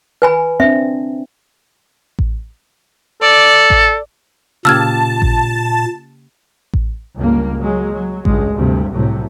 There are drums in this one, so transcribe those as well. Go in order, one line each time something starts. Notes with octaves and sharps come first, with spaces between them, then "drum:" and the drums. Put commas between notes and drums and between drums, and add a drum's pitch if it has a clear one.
B4 G#5 B5
C4 D4 E5
drum: kick A1
A4 D5
drum: kick A1
A#2 C#3 A#3 G4 A5 E6 F6 G#6
drum: kick A1
drum: kick A1
C#2 G2 A#3
F#3 G#3
F#3
C#2 G2 G#3, drum: kick A1
D2 G2 C3
C2 A2 C3 F#3